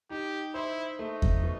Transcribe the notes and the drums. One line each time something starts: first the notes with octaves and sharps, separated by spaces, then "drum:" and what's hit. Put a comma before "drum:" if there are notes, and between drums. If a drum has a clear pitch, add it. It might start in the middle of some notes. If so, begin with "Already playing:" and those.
D#4 G4
E4 C5
A3 D#4
drum: kick E2
B2